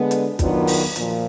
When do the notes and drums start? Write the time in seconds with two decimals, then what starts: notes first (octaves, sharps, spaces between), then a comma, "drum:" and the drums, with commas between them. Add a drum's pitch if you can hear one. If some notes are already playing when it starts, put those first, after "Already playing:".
Already playing: D3 G#3 B3
0.11 drum: hi-hat
0.39 D#3 F#3 B3 D4 F4, drum: kick, hi-hat
0.67 drum: open hi-hat
0.96 A#2 F3, drum: hi-hat